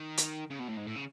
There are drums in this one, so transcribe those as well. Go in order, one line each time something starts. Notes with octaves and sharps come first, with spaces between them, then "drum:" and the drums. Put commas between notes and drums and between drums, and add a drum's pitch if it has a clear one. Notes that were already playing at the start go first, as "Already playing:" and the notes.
Already playing: D#3
drum: hi-hat
C#3
B2
A2
G#2
A2
C#3